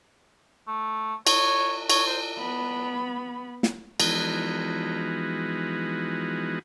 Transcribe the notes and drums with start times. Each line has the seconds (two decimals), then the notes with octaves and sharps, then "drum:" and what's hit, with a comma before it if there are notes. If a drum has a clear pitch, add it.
0.68 A3
1.27 C#5, drum: cymbal
1.90 C#5, drum: cymbal
2.07 C5
2.39 B3 B5
3.63 drum: snare
4.00 E3 F3 G#3 B3 D#4 F#4, drum: cymbal